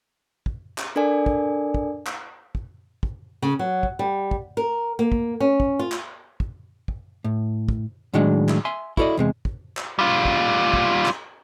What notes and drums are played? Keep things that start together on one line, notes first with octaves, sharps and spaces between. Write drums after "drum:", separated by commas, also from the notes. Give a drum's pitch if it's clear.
drum: kick
drum: clap
D4 A4 A#4 D5 G#5
drum: kick
drum: kick
drum: clap
drum: kick
drum: kick
C#3
F#3
drum: kick
G3
drum: kick
A#4
A#3
drum: kick
C#4
drum: kick
F4
drum: clap
drum: kick
drum: kick
A2
drum: kick
A2 D#3 F#3 G#3 D4
drum: clap
E5 G#5 C6
E4 F#4 A4 A#4 D5 D#5, drum: kick
E2 C3 G#3
drum: kick
drum: clap
G3 F4
drum: kick
drum: kick
drum: clap